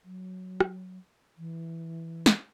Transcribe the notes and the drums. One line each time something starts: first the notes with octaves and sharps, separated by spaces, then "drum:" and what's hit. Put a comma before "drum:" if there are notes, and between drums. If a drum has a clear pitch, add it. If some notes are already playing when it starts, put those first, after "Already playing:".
F#3
drum: rim click
E3
drum: snare